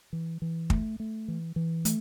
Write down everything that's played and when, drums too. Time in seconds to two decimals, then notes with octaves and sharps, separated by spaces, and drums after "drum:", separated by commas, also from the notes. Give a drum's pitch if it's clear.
0.13 E3
0.42 E3
0.70 A3, drum: kick
1.00 A3
1.28 E3
1.56 E3
1.85 A3, drum: hi-hat